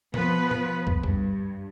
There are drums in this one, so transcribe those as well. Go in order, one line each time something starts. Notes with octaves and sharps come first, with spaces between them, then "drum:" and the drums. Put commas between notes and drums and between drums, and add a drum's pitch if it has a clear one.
F3 B3 B4, drum: tom
drum: tom
drum: kick
G2, drum: kick